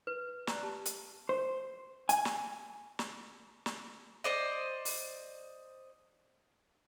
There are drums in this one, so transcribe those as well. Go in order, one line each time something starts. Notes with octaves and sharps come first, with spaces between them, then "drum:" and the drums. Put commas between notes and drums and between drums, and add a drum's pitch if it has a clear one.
B4
D5 A#5 F#6, drum: snare
G4 A5
drum: hi-hat
C5
G#5, drum: hi-hat
drum: snare
drum: snare
drum: snare
C5 D5 D#5
drum: open hi-hat